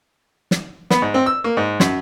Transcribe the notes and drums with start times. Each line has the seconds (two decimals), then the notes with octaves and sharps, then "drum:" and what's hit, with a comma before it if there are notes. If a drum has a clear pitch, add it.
0.51 drum: snare
0.90 B3, drum: snare
1.02 G#2
1.14 C4
1.26 E6
1.44 A#3
1.57 G#2
1.80 F#2, drum: snare